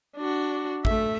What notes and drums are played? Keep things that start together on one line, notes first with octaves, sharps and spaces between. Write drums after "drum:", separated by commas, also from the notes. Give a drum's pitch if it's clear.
D4 F#4
A3 E5, drum: kick